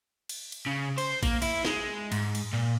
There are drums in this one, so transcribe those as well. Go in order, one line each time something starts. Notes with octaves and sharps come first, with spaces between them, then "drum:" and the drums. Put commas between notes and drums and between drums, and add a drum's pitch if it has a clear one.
drum: cymbal
drum: cymbal
C#3
C5, drum: cymbal
A#3, drum: kick A1, cymbal
E4, drum: cymbal
G#3, drum: snare
G#2, drum: cymbal
drum: cymbal
A#2